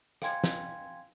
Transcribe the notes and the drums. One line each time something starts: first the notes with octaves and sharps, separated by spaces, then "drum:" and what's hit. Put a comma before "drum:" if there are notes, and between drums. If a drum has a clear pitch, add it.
F5 G5 G#5 C6 G#6 C#7, drum: rim click
drum: snare